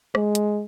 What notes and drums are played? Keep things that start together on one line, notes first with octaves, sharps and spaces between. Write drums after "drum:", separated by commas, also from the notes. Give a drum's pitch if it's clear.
G#3, drum: rim click
drum: hi-hat